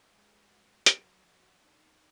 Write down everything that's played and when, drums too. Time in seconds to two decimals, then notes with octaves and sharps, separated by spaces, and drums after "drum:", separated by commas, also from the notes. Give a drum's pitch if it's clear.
0.11 G#3 G#4 B4
0.49 F#4
0.86 F#3 F#4, drum: hi-hat
1.24 F3 F#4
1.62 D4 D#4